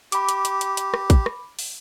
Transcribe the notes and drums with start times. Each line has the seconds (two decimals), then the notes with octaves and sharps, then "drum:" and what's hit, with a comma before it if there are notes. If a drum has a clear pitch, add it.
0.12 G4 B5 D6, drum: hi-hat
0.29 drum: hi-hat
0.45 drum: hi-hat
0.61 drum: hi-hat
0.77 drum: hi-hat
0.94 drum: rim click
1.10 drum: kick, hi-hat
1.26 drum: rim click
1.59 drum: open hi-hat